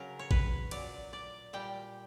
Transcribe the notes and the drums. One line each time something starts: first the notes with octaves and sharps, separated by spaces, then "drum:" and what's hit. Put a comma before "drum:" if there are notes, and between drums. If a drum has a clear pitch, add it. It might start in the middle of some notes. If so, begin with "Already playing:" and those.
Already playing: C#3 F#3 A#4
C#5
B4, drum: kick G#1
A#2 F#3 D5, drum: cymbal
D5
A#2 G3 G5